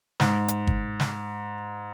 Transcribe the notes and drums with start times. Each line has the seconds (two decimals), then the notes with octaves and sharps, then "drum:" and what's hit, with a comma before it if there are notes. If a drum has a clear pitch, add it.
0.20 G#2, drum: snare
0.48 drum: hi-hat
0.67 drum: kick G1
1.00 drum: snare